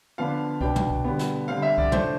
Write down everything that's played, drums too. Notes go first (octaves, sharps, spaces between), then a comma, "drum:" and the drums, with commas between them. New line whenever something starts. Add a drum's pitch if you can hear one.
D3 F3 B3 D4 F5
B2 B3 D4 G5, drum: kick C2
drum: tom
drum: kick C2
D3 G3 B3
drum: snare
D3 G3 C4 F5
E5
D5, drum: kick C2
A2 F3 A3 D4 C5, drum: tom